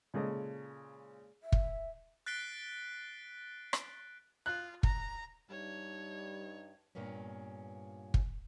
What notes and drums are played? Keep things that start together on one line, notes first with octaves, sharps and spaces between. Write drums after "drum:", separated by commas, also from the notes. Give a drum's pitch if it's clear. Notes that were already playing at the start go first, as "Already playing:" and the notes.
A#2 C#3 G#3 A4 D#5
E5
drum: kick
F#6 A6 B6 C7 D7 G7
drum: rim click
F4 F#6
A#5, drum: kick
G2 G3 D#4 C#5
G2 A#2 A#3 B3 C#4
drum: kick